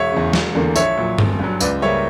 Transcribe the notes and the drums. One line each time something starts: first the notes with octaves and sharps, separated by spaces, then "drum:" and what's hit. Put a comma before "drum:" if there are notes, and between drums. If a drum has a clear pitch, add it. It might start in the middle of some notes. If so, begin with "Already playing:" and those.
Already playing: E1 C#5 E5
E2 C#3
E1, drum: snare
E2 D3 A#3
A#1 C#5 E5, drum: tambourine
A#2 F#3
G1, drum: tom G2
G2 F#3
C#2 B4 D5, drum: tambourine
C#3 G3 A#3 C#5 E5